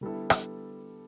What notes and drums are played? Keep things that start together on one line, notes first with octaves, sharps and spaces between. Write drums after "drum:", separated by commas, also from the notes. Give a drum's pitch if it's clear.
D3 G3 B3 E4 A4
drum: rim click